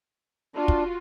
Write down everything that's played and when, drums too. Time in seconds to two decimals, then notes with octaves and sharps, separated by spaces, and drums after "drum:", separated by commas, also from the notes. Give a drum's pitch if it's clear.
0.56 D4 F4 F#4
0.68 drum: kick